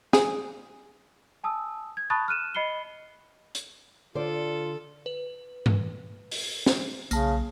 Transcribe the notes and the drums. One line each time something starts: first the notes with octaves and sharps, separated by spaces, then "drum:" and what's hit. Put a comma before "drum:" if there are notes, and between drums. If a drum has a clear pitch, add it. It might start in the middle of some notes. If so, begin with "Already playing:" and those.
G#4, drum: snare
G#5 A5 D#6 E6
G#6
A5 B5 C#6 D#6 F#6 A6
F6 F#6 D#7 E7
D#5 B5 C7 C#7 G7
drum: hi-hat
D3 F4 A4 C5 D5
B4
drum: tom G2
drum: open hi-hat
drum: snare
B1 C#3 A#3 A5, drum: tambourine